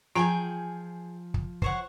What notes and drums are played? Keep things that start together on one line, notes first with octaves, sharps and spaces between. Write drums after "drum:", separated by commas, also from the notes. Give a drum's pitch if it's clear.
F3 F4 G#4 G5 G#5 A#5
drum: kick
C5 C#5 F#5, drum: kick